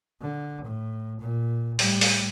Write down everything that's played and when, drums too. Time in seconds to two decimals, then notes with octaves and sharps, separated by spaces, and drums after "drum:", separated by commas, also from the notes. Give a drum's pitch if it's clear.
0.21 D3
0.65 A2
1.21 A#2
1.79 A2 G3, drum: open hi-hat
2.01 drum: open hi-hat